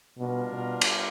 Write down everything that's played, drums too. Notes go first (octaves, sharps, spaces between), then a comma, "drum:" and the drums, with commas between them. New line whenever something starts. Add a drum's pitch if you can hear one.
B2 G3 B3 D4 F4 A#4
B2
drum: cymbal